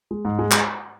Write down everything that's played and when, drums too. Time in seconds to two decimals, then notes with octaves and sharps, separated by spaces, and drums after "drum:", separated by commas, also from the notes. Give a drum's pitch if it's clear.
0.11 G#3
0.25 G#2
0.39 G#3
0.51 drum: clap